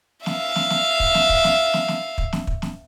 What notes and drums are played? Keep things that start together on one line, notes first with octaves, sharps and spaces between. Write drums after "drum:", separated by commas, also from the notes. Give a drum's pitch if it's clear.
E5 F5, drum: snare
drum: snare
drum: snare
drum: kick
drum: snare
drum: kick
drum: snare
drum: snare
drum: snare
drum: kick
drum: snare
drum: kick
drum: snare